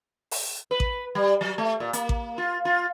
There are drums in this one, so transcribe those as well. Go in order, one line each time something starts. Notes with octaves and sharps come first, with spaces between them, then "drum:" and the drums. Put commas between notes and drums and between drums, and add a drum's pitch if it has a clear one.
drum: open hi-hat
B4
drum: kick A1
G3
F#3
A3
A#2
A#3, drum: hi-hat
drum: kick A1
F4
F4